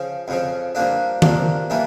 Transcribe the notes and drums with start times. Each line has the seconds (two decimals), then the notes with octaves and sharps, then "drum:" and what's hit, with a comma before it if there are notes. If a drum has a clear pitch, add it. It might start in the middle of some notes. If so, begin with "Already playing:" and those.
Already playing: C#3 F3
0.28 F2 C#3 F3
0.75 G2 F3 A#3 D4
1.22 G2 F3 A#3 D4, drum: tom D#3
1.70 E3 G3 A#3 D4